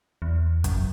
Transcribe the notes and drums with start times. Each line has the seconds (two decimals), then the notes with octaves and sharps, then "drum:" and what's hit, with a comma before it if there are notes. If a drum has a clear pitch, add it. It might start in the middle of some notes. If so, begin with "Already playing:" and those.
0.22 E2
0.64 F#2, drum: kick, hi-hat